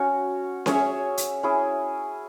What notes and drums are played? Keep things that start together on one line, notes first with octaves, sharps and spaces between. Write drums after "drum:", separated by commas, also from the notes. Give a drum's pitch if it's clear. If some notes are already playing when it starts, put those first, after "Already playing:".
Already playing: C#4 F#4 C#5
C#4 G#4 C#5 E5, drum: snare C#4
drum: hi-hat
C#4 E4 G#4